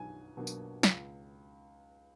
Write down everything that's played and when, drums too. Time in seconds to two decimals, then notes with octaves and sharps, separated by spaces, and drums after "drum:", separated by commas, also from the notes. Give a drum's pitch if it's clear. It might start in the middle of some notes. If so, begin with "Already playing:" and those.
Already playing: B1 B2 D4 G#5
0.37 B2 F#3 A#3 D4
0.47 drum: tambourine
0.83 C#2, drum: snare